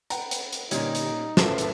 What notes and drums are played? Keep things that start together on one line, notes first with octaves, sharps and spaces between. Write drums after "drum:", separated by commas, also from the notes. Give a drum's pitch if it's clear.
B4 F#5 G5 A#5, drum: hi-hat
drum: hi-hat
drum: hi-hat
A#2 D3 G3 C#4 D#4 G#6, drum: hi-hat
drum: hi-hat
A2 C#3 F4 A4 B4 E5 A5 D6, drum: snare
drum: hi-hat